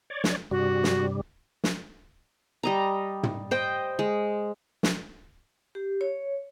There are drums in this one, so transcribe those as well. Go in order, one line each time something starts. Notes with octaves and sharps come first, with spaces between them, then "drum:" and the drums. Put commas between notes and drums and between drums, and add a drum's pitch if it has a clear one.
C#5 D5
drum: snare
G2 C3 G3 F#4
drum: snare
drum: snare
G3 D#5 A#5
drum: tom
C5 D#5 G5
G#3
drum: snare
G4
C#5